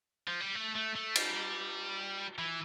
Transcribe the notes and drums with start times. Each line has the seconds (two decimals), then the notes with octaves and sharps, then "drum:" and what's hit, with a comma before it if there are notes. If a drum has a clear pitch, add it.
0.27 F3
0.40 G3
0.55 A3
0.75 A3
0.95 A3
1.16 G3, drum: cymbal
2.38 E3